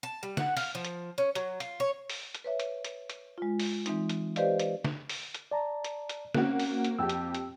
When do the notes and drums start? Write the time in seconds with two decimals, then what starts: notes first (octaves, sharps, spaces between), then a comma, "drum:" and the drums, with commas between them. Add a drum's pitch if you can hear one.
0.03 A5
0.23 G3
0.37 F#5, drum: snare
0.57 F5, drum: open hi-hat
0.75 F3
0.85 drum: hi-hat
1.18 C#4
1.35 F#3, drum: hi-hat
1.60 F4, drum: hi-hat
1.80 C#5
2.10 drum: open hi-hat
2.35 drum: hi-hat
2.44 B4 C#5 E5
2.60 drum: hi-hat
2.85 drum: hi-hat
3.10 drum: hi-hat
3.38 G#3 F4
3.60 drum: open hi-hat
3.86 E3 G#3 C4 D#4, drum: hi-hat
4.10 drum: hi-hat
4.36 G4 B4 C5 D5 D#5 F5, drum: hi-hat
4.60 drum: hi-hat
4.85 drum: snare
5.10 drum: open hi-hat
5.35 drum: hi-hat
5.51 D5 A5 A#5
5.85 drum: hi-hat
6.10 drum: hi-hat
6.35 A#3 C4 C#4 F#4 F#6, drum: snare
6.59 drum: open hi-hat
6.84 drum: hi-hat
6.99 F2 C4 G4 G5 E6
7.09 drum: hi-hat
7.34 drum: hi-hat